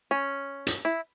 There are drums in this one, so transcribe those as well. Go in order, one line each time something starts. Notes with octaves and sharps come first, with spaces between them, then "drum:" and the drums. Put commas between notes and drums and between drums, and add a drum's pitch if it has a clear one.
C#4
drum: hi-hat
E4